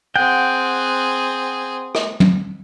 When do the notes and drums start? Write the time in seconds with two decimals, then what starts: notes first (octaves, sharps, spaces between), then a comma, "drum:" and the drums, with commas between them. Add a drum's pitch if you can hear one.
0.16 C4 G#4 F#5 G5
1.95 drum: rim click
2.20 drum: tom